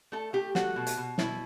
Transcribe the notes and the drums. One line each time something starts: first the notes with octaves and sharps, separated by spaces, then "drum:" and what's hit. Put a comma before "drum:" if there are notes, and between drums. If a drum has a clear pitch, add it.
A3 A4
A3 G4
A3 F#4, drum: snare
B2
drum: hi-hat
B2
B2 E4, drum: snare